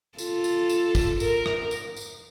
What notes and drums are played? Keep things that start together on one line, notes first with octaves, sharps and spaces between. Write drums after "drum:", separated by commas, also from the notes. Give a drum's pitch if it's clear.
F4 A4, drum: tambourine
drum: tambourine
drum: tambourine
drum: kick, tambourine
A#4, drum: tambourine
drum: rim click
drum: tambourine
drum: tambourine